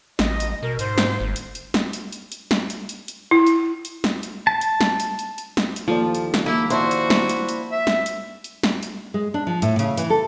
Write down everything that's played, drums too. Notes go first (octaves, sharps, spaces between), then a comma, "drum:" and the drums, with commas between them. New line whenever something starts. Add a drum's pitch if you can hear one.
A1 D#5, drum: snare
drum: hi-hat
B2 A#4
G#2 C5, drum: hi-hat
drum: snare
G1
drum: hi-hat
drum: hi-hat
drum: snare
drum: hi-hat
drum: hi-hat
drum: hi-hat
drum: snare
drum: hi-hat
drum: hi-hat
drum: hi-hat
E4
drum: hi-hat
drum: hi-hat
drum: snare
drum: hi-hat
A5
drum: hi-hat
drum: snare
drum: hi-hat
drum: hi-hat
drum: hi-hat
drum: snare
drum: hi-hat
D#2 F3 A4 D5
drum: hi-hat
drum: snare
A#3 E4
D4 E4 F#4 C5, drum: hi-hat
drum: hi-hat
drum: snare
drum: hi-hat
drum: hi-hat
E5
drum: snare
drum: hi-hat
drum: hi-hat
drum: snare
drum: hi-hat
G#3
D4
F3
A2, drum: hi-hat
C#3, drum: hi-hat
E3, drum: hi-hat
A4